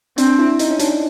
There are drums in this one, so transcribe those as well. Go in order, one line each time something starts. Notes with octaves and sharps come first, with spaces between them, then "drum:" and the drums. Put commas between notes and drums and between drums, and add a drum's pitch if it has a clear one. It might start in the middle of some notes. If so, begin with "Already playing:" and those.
C4 D4, drum: hi-hat
E4
D#4, drum: hi-hat
C#4
D4, drum: hi-hat